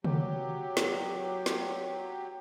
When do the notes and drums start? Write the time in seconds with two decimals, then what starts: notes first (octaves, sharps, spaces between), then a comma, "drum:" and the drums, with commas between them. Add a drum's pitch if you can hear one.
0.05 F#3 G4, drum: tom C3
0.77 drum: snare
1.46 drum: snare